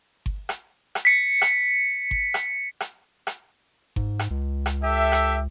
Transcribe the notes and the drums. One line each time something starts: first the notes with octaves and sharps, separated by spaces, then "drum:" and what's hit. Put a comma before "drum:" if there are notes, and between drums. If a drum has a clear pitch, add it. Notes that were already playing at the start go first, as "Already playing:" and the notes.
drum: kick G1
drum: rim click
drum: rim click
B6 C#7
drum: rim click
drum: kick G1
drum: rim click
drum: rim click
drum: rim click
G#2, drum: kick G1
drum: rim click
C#2
drum: rim click
G4 A4 E5
drum: rim click